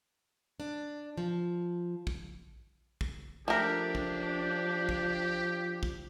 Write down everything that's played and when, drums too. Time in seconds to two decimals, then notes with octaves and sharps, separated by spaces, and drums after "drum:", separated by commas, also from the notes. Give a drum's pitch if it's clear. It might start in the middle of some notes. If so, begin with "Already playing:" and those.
0.60 D4
1.18 F3
2.07 drum: kick
3.01 drum: kick
3.48 F3 A3 D4 G4 A#4
3.95 drum: kick
4.89 drum: kick
5.83 drum: kick